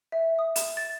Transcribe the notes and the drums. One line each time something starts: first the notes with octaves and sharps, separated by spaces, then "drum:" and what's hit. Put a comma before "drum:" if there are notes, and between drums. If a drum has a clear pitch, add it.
E5
D#6
E7, drum: hi-hat
A6